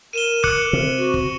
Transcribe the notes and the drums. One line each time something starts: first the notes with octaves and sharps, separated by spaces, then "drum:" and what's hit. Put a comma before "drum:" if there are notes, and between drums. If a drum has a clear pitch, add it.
A#4 D#7 E7 G7
D6 F#6 C#7 F#7, drum: kick
C3
F#4
drum: kick